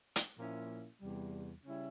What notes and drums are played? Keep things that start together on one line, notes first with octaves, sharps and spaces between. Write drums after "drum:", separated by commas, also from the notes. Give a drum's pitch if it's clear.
drum: hi-hat
A#2 F3 A#3 C#4 E4
E2 C3 G3
C#3 G3 C#4 E4